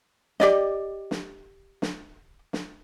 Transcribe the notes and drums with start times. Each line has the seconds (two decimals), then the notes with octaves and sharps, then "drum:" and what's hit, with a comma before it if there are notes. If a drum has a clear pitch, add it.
0.40 G4 D5 D#5, drum: snare
1.11 drum: snare
1.82 drum: snare
2.53 drum: snare